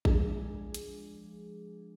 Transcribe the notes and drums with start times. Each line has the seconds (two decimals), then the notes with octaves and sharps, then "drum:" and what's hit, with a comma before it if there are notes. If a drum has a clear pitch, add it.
0.05 F3 G#3 D4 G#4, drum: kick A1
0.74 drum: hi-hat